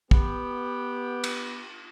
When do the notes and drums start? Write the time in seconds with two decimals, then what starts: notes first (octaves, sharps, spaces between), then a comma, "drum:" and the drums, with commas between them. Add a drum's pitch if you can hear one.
0.11 B3 G4, drum: kick
1.24 drum: cymbal